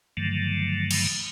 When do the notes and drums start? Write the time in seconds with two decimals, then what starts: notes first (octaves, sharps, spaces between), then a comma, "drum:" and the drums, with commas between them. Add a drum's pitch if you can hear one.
0.17 G2 D3 D#3 F3 F#3 A3
0.91 drum: cymbal